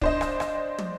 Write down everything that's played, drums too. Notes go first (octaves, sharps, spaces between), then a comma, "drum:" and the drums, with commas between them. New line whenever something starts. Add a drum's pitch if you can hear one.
D4 C5 D#5, drum: kick
drum: rim click
drum: rim click
drum: tom